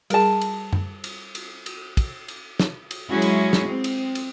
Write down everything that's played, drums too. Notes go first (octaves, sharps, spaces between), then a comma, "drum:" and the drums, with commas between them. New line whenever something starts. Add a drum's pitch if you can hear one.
G3 G#4 A#4 A5, drum: cymbal
drum: cymbal
drum: tom F#2
drum: cymbal
drum: cymbal
drum: cymbal
drum: kick, cymbal
drum: cymbal
drum: snare
drum: cymbal
F#3 G#3 C#4 E4 F#4 G#4
drum: cymbal
drum: snare
C4
drum: cymbal
drum: cymbal